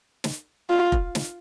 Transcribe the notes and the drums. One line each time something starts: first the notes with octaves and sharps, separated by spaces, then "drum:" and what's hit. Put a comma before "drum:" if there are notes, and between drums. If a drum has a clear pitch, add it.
drum: snare
F4
drum: kick F1
drum: snare